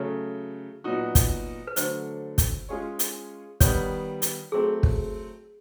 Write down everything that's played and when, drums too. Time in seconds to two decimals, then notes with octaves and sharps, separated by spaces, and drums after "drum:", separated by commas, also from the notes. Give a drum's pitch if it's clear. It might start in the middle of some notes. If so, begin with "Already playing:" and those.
Already playing: C#3 F#3 A3
0.84 A#2 F#3 B3 D#4 F#4
1.15 drum: kick, hi-hat
1.67 B4
1.76 D3 F#3 A3 D4 C5, drum: hi-hat
2.38 drum: kick, hi-hat
2.69 G#3 C#4 F4 G#4 C#5
2.99 drum: hi-hat
3.60 D#3 G3 B3 C#5, drum: kick, hi-hat
4.22 drum: hi-hat
4.52 F#3 A3 C4 G#4
4.83 drum: kick